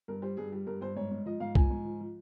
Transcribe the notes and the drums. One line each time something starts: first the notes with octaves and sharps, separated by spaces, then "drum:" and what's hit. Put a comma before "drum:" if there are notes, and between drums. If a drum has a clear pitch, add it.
G2 A#4
G3 C5
G2 G#4
G3
G2 A#4
G2 C5
G#2 C#5
G#2
F3 D#5
G#2 F5
F3 G#5, drum: kick C2
G#2
F3
F3